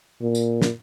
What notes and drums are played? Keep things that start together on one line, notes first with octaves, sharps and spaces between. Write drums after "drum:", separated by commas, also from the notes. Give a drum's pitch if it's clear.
A#2
drum: tambourine
drum: snare